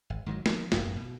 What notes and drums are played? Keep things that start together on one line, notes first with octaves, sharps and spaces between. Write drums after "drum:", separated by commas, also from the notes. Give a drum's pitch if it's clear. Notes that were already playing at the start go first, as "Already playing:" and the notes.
G#1
G#2 D#3 F3 F#3
F3 A#3, drum: snare
D1 G#1 F#2 A#3, drum: snare
B2